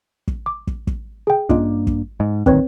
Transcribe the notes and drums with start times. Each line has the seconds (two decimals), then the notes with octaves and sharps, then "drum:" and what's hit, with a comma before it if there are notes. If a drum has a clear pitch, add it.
0.28 drum: kick
0.46 D6
0.67 drum: kick
0.87 drum: kick
1.27 G#4 G5
1.49 G2 A#3 C#4 D4 F4 D#5, drum: kick
1.87 drum: kick
2.20 G#2 D#5
2.46 D1 D#2 D#3 C4 B4 C#5, drum: kick